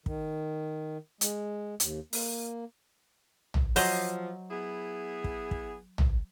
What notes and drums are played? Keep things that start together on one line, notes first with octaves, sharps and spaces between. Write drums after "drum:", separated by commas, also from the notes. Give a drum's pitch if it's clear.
D#3, drum: kick
G#3, drum: hi-hat
D#2, drum: hi-hat
A#3, drum: open hi-hat
drum: tom A#1
F3 F#3 C5 D#5, drum: open hi-hat
B3 E4 G#4
drum: kick
drum: kick
drum: tom A#1